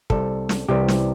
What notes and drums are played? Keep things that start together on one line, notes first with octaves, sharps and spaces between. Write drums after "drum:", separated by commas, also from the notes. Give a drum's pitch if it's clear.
C2 C3 G3 A4, drum: kick
drum: snare
C2 C3 E3 G3 G4
drum: snare